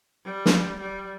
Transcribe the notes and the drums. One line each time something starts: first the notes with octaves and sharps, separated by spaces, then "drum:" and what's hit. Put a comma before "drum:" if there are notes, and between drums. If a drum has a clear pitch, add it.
G3
drum: snare
G3